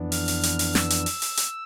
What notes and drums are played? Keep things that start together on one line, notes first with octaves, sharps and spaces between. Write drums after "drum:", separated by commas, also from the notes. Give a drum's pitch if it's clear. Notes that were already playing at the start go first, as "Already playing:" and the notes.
Already playing: F2 E3 B3 D4
F6, drum: open hi-hat
drum: open hi-hat
drum: hi-hat
drum: open hi-hat
E6, drum: snare
drum: hi-hat
drum: open hi-hat
drum: open hi-hat
drum: hi-hat